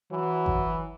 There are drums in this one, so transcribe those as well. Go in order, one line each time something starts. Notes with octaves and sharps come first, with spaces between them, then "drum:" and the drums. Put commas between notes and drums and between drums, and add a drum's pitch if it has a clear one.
E3 F#3
drum: kick G1